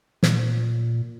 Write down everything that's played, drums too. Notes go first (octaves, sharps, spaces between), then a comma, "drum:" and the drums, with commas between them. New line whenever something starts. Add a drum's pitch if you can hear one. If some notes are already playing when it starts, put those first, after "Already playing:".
A#2, drum: snare